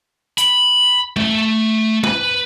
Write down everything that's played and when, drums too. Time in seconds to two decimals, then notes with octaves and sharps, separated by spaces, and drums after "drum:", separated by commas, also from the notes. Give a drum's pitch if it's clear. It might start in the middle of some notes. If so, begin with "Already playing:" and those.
0.38 B5, drum: hi-hat
1.16 A3, drum: tom G#3
2.04 B4, drum: tom G#3